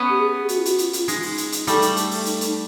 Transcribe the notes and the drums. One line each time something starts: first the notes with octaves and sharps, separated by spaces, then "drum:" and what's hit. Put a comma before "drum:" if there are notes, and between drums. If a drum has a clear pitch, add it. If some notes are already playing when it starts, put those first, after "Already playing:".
Already playing: B3 C#4
G4
G#4
F#4, drum: hi-hat
F4
F#4, drum: hi-hat
F4, drum: hi-hat
drum: hi-hat
G#3 D#4, drum: hi-hat
drum: open hi-hat
drum: hi-hat
drum: hi-hat
G3 A3, drum: hi-hat
drum: hi-hat
drum: hi-hat
drum: open hi-hat
D#4, drum: hi-hat
drum: hi-hat